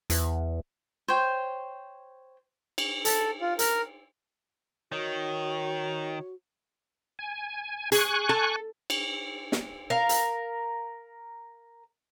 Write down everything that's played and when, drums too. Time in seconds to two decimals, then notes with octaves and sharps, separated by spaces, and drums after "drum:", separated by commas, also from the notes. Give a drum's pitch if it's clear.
0.10 E2, drum: hi-hat
1.08 C5 C#5 G5
2.78 drum: cymbal
3.05 A4, drum: hi-hat
3.41 F4
3.59 A#4, drum: hi-hat
4.92 D#3 F#4 C#5
7.19 G#5
7.92 G#4 G#5 C#6 F#6, drum: hi-hat
8.29 A4
8.90 drum: cymbal
9.52 drum: snare
9.90 A#4 F5
10.09 drum: hi-hat